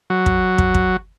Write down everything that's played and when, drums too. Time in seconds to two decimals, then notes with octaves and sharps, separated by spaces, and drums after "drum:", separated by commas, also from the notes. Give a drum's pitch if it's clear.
0.10 F#3
0.26 drum: kick
0.58 drum: kick
0.74 drum: kick